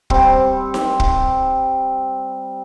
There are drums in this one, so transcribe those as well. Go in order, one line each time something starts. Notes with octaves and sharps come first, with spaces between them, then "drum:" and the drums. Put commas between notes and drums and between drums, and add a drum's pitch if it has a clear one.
G3 C4, drum: kick
drum: snare D#4
drum: kick